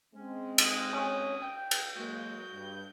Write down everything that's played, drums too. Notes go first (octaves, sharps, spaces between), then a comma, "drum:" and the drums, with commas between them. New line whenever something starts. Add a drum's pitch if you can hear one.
G#3 C4 C#4
D#6, drum: cymbal
C#4
G5
drum: cymbal
F#3 G#3 A#3 F#4 G6
G2